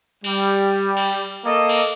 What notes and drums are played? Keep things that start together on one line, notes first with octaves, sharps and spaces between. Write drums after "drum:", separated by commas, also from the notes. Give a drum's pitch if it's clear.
G3, drum: cymbal
drum: cymbal
A#3 A4 D#5
drum: cymbal